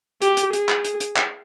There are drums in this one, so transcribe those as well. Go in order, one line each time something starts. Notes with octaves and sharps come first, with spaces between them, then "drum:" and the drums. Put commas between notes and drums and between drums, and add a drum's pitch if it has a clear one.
G4, drum: hi-hat
drum: hi-hat
G#4, drum: hi-hat
drum: clap
drum: hi-hat
drum: hi-hat
drum: clap